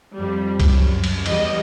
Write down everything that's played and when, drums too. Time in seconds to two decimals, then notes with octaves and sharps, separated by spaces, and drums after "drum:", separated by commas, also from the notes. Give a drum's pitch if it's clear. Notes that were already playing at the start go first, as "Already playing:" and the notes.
0.16 F2 G3
0.60 drum: kick C2, cymbal
0.73 F#2
1.04 drum: cymbal
1.26 E2 G3 D#5, drum: cymbal